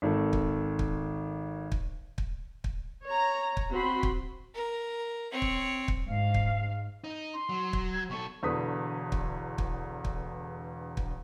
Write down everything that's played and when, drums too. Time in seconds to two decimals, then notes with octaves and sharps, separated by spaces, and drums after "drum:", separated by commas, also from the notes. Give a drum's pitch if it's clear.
0.02 G#1 D#3 A4
0.33 drum: kick
0.79 drum: kick
1.72 drum: kick
2.18 drum: kick
2.64 drum: kick
3.05 C#5 A#5
3.57 drum: kick
3.70 C4 F#4 B5 C6
4.03 drum: kick
4.55 A#4
5.32 C4 C#5
5.42 drum: kick
5.88 drum: kick
6.08 G#2 F5
6.34 drum: kick
7.04 D#4
7.34 C6
7.49 F#3
7.73 drum: kick
7.92 G#6
8.11 B2 A4 C#6
8.43 E1 E2 D3 B4 D#6 B6
9.12 drum: kick
9.58 drum: kick
10.05 drum: kick
10.97 drum: kick